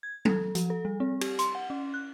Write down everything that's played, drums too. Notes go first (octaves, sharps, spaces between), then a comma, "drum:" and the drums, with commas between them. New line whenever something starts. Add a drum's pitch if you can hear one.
G#6
A4, drum: tom F#3
F3, drum: hi-hat
A4
G3
C4
G4, drum: cymbal
C6, drum: hi-hat
F#5
C#4
F#6